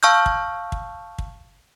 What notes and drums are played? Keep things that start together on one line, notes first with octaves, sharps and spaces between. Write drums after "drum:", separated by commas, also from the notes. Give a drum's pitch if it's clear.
F5 A5 C#6 E6 F6 G6
drum: kick
drum: kick
drum: kick